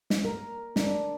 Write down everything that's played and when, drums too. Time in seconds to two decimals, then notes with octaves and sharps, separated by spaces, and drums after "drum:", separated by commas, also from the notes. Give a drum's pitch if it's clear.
0.10 drum: snare
0.24 A#4
0.76 D4, drum: snare